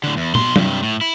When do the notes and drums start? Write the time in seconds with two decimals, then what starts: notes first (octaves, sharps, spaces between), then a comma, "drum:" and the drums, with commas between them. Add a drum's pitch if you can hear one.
0.04 A2 D3
0.17 E2
0.35 B2 C6, drum: tom
0.56 G2 C3, drum: tom
0.83 A2
1.01 E4